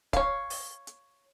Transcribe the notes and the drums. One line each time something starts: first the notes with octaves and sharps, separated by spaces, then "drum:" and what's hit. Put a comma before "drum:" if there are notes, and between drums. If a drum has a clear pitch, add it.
C#5 F5, drum: kick C#1, hi-hat
drum: open hi-hat
drum: hi-hat